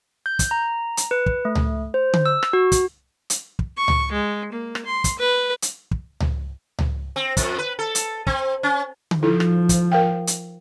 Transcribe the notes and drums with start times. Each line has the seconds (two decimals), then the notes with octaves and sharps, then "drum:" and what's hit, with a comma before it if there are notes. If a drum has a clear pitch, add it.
0.26 G6
0.39 drum: kick, hi-hat
0.51 A#5
0.97 drum: hi-hat
1.11 B4
1.26 drum: kick
1.45 A3
1.55 drum: tom C#2
1.94 C5
2.14 drum: tom D3
2.26 E6
2.43 drum: rim click
2.53 F#4
2.72 drum: kick, hi-hat
3.30 drum: hi-hat
3.59 drum: kick
3.77 C#6
3.88 drum: tom C#2
4.12 G#3
4.52 A#3
4.75 drum: rim click
4.86 C6
5.04 drum: kick, hi-hat
5.19 B4
5.62 drum: hi-hat
5.91 drum: kick
6.20 drum: tom C#2
6.79 drum: tom C#2
7.16 C4
7.37 F2, drum: kick, hi-hat
7.58 B4
7.79 A4
7.95 drum: hi-hat
8.27 C4, drum: kick
8.63 C#4
9.11 drum: tom D3
9.23 F3 D#4 E4 A4
9.40 drum: rim click
9.69 drum: kick, hi-hat
9.92 A#4 F5 G5
10.27 drum: hi-hat